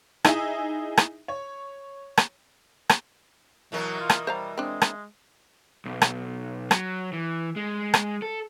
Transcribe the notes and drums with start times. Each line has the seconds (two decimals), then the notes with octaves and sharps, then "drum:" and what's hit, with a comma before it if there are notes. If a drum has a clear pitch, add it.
0.25 D#4 E4 G#4 E5, drum: rim click
0.97 drum: rim click
1.28 C#5
2.17 drum: rim click
2.89 drum: rim click
3.72 B2 E3 F#3 A#4
4.00 F4
4.10 drum: rim click
4.27 G3 C5 F5 A#5
4.58 G#3 C4 D4
4.82 drum: rim click
5.85 B1
6.02 drum: rim click
6.71 F#3, drum: rim click
7.13 E3
7.56 G#3
7.94 drum: rim click
8.22 A4